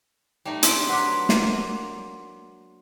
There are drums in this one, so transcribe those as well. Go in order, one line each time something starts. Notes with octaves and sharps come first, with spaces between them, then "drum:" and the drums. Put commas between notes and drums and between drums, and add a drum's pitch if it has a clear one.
G3 A3 D#4
D4 C6 D7, drum: hi-hat
F#3 B4 F#5 C6 D6
A#3, drum: snare